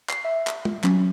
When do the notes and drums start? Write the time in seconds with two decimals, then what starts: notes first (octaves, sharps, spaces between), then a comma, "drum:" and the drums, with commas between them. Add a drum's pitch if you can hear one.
0.09 C7, drum: clap
0.25 E5
0.47 drum: clap
0.65 drum: tom
0.84 F#3 C#4, drum: clap